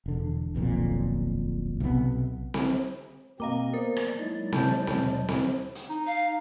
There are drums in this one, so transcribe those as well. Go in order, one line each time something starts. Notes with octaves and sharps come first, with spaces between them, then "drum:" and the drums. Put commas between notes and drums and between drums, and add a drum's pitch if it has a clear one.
E1 D3
D#1 B1 F2 A#2
B1 C3 D#3 B3
drum: snare C4
B2 A#3 C4 A#4 D#5 F5 A#5 D6
B3 A#4 C5 D5
drum: rim click
F#3 G#3 D#4 E4 D5 A6
C3 A5 G6, drum: snare C4
D#2 B2, drum: snare C4
drum: snare C4
drum: hi-hat
D#4
F5